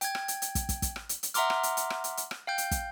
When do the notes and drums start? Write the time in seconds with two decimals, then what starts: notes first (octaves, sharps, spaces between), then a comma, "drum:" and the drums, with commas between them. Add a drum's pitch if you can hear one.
0.01 G5 G#6, drum: hi-hat
0.15 drum: rim click
0.28 drum: hi-hat
0.42 drum: hi-hat
0.55 drum: kick, hi-hat
0.69 drum: kick, hi-hat
0.82 drum: kick, hi-hat
0.96 drum: rim click
1.09 drum: hi-hat
1.23 drum: hi-hat
1.34 E5 F#5 A#5 C6 D6 F6, drum: hi-hat
1.50 drum: rim click
1.63 drum: hi-hat
1.77 drum: hi-hat
1.90 drum: rim click
2.04 drum: hi-hat
2.17 drum: hi-hat
2.31 drum: rim click
2.47 F5 G5 G6
2.58 drum: hi-hat
2.71 drum: kick, hi-hat